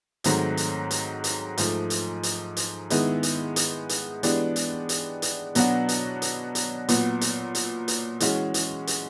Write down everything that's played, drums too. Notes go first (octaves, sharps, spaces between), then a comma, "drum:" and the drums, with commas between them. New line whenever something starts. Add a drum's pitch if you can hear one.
G#2 D#3 F#3 A3 C4, drum: hi-hat
drum: hi-hat
drum: hi-hat
drum: hi-hat
G#2 F3 A3, drum: hi-hat
drum: hi-hat
drum: hi-hat
drum: hi-hat
D#3 G#3 B3 E4, drum: hi-hat
drum: hi-hat
drum: hi-hat
drum: hi-hat
E3 G#3 B3 D4 G4, drum: hi-hat
drum: hi-hat
drum: hi-hat
drum: hi-hat
B2 F#3 B3 D4 F#4, drum: hi-hat
drum: hi-hat
drum: hi-hat
drum: hi-hat
A#2 F#3 B3, drum: hi-hat
drum: hi-hat
drum: hi-hat
drum: hi-hat
E3 G#3 C#4 F#4, drum: hi-hat
drum: hi-hat
drum: hi-hat